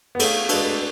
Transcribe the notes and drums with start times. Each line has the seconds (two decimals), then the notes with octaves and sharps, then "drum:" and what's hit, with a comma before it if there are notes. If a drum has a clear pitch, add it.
0.15 B3
0.19 A3 G#4 C#5 F5, drum: cymbal
0.49 G#3 D4 F#4 B4 D5, drum: cymbal
0.65 A3